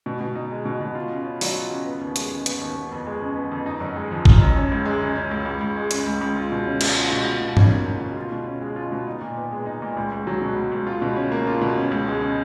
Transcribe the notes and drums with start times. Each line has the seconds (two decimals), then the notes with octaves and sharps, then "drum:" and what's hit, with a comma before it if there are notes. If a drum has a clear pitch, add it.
0.06 B2
0.21 B2
0.35 D#4
0.51 G#3
0.65 B2
0.81 B2
0.95 F4
1.11 C#3
1.25 C#4
1.41 F#3, drum: open hi-hat
1.55 F4
1.70 C#3
1.86 B3
2.01 D#2
2.16 G#3, drum: hi-hat
2.31 C#3
2.46 B3, drum: hi-hat
2.61 D#2
2.76 B3
2.91 F2
3.06 G#3
3.22 C#3
3.37 B3
3.52 F2
3.66 D#4
3.80 F#2
3.96 G#3
4.11 F3
4.25 D#4, drum: kick G#1
4.42 F#2
4.57 C#4
4.72 C#2
4.85 G#3
5.02 C#3
5.16 C#4
5.31 C#2
5.46 C#2
5.61 C#2
5.76 G#3
5.91 C#3, drum: hi-hat
6.06 C#2
6.21 C#2
6.36 F4
6.52 B2
6.67 C#4
6.81 G#3, drum: cymbal
6.97 F4
7.12 B2
7.27 F4
7.42 B2
7.57 C#4, drum: tom G2
7.71 A#3
7.87 F4
8.01 B2
8.17 F4
8.32 B2
8.47 C#4
8.61 G#3
8.76 F4
8.92 B2
9.07 D#4
9.21 A#2
9.37 B3
9.52 G#3
9.66 D#4
9.82 A#2
9.97 C#2
10.12 C#2
10.27 F#3
10.42 B2
10.56 C#2
10.72 C#2
10.87 F4
11.02 B2
11.16 C#4
11.32 A#3
11.47 F4
11.61 B2
11.77 C#4
11.91 C#2
12.07 G#3
12.22 C#3